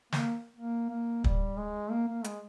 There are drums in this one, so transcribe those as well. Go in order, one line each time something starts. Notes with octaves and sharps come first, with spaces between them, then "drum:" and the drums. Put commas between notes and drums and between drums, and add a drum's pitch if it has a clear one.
A#3, drum: snare
A#3
A#3
G3, drum: kick
G#3
A#3
A#3
G#3, drum: hi-hat